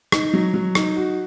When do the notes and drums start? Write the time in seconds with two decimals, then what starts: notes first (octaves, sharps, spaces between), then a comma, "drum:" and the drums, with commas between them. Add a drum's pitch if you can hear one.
0.12 D#4, drum: rim click
0.33 F#3
0.54 F#3
0.75 D#4, drum: rim click
0.96 F#4